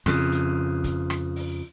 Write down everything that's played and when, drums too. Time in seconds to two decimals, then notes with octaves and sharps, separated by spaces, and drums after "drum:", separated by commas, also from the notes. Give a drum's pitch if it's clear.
0.06 F2 C#3, drum: rim click
0.32 drum: hi-hat
0.84 drum: kick, hi-hat
1.10 drum: rim click
1.36 drum: open hi-hat